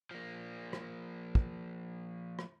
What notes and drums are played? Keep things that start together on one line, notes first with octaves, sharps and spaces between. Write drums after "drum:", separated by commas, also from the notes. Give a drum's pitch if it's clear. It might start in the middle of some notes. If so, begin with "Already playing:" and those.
F3 A#3
drum: rim click
drum: kick
drum: rim click